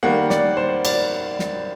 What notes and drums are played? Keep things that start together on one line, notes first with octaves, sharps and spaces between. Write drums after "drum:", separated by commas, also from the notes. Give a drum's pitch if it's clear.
D#3 G3 A#3 F#5
D5, drum: snare
C5
D5, drum: cymbal
drum: snare